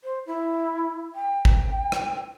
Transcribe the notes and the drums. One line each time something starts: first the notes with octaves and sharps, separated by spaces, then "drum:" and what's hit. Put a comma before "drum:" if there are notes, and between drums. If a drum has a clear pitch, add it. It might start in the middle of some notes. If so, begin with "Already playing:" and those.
C5
E4
G5
drum: kick G#1
drum: rim click